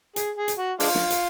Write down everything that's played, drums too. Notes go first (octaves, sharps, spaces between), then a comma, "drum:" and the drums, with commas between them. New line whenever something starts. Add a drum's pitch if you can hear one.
G#4, drum: hi-hat
G#4
drum: hi-hat
F#4
G#3 D4 F4, drum: open hi-hat
drum: snare
drum: hi-hat